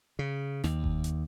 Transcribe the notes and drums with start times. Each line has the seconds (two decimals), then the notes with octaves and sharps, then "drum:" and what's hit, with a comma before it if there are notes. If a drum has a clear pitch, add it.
0.19 C#3
0.64 D#2, drum: snare
0.84 drum: kick F1
1.04 drum: hi-hat